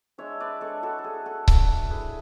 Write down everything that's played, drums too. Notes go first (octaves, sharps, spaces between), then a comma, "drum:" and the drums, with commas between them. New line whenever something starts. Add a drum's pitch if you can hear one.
G#3 D4 C#5 E5
B4 D5
G#3 D4 A4 C#5
F#4 A4
A4
A3 D4 G#4
F#4 A4
A3 D4, drum: kick C#1
A3 E4 G#4 B4